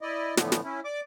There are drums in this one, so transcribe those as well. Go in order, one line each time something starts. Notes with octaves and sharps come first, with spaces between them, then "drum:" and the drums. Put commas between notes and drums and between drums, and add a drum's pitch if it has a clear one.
E4 D5 D#5
A2 D3 E3 F3 A3 B3, drum: snare
drum: snare
C#4 E4
D5 D6